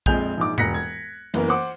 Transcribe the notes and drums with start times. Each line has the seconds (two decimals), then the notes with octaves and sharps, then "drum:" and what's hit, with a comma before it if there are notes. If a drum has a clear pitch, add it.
0.06 A#1 F2 G#3 G#5 G6 F7, drum: kick
0.37 A#1 G#2 D6
0.58 E1 F#6 A#6 B6 C#7, drum: tom G#2
0.74 G#6
1.34 F#1 E3 B3 A#4, drum: cymbal
1.48 C5 F#5 D6